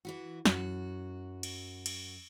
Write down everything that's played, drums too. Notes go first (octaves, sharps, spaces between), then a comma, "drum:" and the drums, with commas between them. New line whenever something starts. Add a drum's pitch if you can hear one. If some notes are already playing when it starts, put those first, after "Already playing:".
E3 E4 F#4
F#2 F#4, drum: snare
drum: cymbal
drum: cymbal